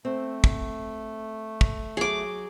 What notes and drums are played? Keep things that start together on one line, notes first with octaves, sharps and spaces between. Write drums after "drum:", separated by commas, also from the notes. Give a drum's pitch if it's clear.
A3 C4
drum: kick
drum: kick
F#3 G#4 D6